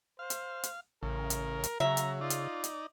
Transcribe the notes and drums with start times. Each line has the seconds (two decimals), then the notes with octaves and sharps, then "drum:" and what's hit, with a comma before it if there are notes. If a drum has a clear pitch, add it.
0.19 C5 F5
0.30 drum: hi-hat
0.63 drum: hi-hat
1.03 A1 C#3 A#4
1.30 drum: hi-hat
1.64 drum: hi-hat
1.80 C#3 F#3 E5 A#5
1.97 drum: hi-hat
2.21 D#4 F4 D5
2.30 drum: hi-hat
2.64 drum: hi-hat